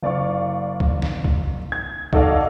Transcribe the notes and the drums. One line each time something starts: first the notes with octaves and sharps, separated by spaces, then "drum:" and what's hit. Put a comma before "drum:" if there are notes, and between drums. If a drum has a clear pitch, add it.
F#1 D5 F5 C#6
drum: kick C2
drum: snare
drum: kick C2
G#6
D#4 F#4 A4 D5 D#5 F5, drum: kick C2